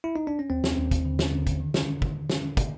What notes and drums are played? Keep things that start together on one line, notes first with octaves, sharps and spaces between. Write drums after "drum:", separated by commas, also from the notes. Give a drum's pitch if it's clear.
E4
D#4
D4
C#4
D#2 C4
drum: snare
D#2
drum: kick, hi-hat
D3
drum: snare
D3
drum: kick, hi-hat
D#3
drum: snare
drum: kick
drum: snare
drum: kick, hi-hat